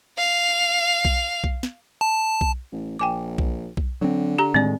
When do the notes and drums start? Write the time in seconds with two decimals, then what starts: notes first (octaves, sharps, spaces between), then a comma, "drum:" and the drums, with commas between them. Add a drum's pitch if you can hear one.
0.18 F5 F7
1.05 drum: kick B1
1.44 drum: kick B1
1.63 drum: snare
2.01 A5
2.41 drum: kick B1
2.72 A1
2.99 A#1 G5 G#5 D6
3.38 drum: kick B1
3.77 drum: kick B1
4.01 D3 F#3 C4
4.38 G4 A#5
4.54 A2 D#3 G#3 C4 D5